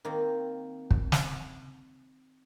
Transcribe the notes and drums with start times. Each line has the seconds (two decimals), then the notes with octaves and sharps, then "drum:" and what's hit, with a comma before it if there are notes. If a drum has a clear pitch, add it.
0.05 D#3 A#3 C4
0.91 drum: kick
1.12 drum: snare